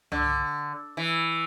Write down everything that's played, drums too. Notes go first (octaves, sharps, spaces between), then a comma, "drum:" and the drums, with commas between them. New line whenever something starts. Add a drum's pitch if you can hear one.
D3, drum: tom
E3